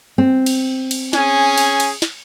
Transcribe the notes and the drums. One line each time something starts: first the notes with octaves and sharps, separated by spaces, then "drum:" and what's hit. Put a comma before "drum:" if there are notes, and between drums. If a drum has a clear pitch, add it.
C4
drum: cymbal
drum: cymbal
C#4 G#4 G#5, drum: snare
drum: cymbal
drum: cymbal
drum: snare